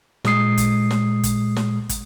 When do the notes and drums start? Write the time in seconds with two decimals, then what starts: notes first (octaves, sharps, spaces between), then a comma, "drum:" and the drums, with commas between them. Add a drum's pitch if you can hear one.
0.25 A#2 G#3 D#6 C7, drum: snare
0.58 drum: kick, hi-hat
0.90 drum: snare
1.23 drum: kick, hi-hat
1.56 drum: snare
1.89 drum: kick, hi-hat